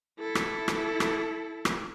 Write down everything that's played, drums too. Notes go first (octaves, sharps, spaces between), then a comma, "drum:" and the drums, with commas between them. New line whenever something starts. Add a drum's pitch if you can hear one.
E4 A4
drum: rim click
drum: rim click
drum: rim click
drum: rim click